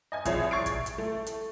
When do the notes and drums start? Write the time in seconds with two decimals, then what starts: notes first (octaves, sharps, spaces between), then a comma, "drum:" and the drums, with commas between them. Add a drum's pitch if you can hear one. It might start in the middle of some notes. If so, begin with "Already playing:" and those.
0.12 D#5 G#5 G#6
0.25 C2 F3 G#4 C#5, drum: kick, hi-hat
0.51 C#6 G#6 A6 C7 D7
0.66 drum: kick, hi-hat
0.86 drum: hi-hat
0.98 A3
1.26 drum: hi-hat